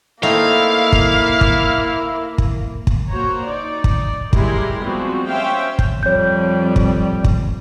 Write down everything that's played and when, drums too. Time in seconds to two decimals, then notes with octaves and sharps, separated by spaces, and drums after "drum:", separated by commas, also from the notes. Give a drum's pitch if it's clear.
0.23 A3 A#3 C4 D#4 E4 F5
0.93 drum: kick
1.41 drum: kick
2.38 drum: kick
2.87 drum: kick
3.10 A#3 F#4 C5 C#5 A#5
3.46 D#4 D5
3.84 drum: kick
4.33 G3 G#3 E4 G4 A#4 C6, drum: kick
4.82 F3 G3 G#3 B3 C4 F#4
5.27 C#4 C5 E5 F5 G5
5.79 drum: kick
6.03 F2 G3 C#5 G6
6.76 drum: kick
7.24 drum: kick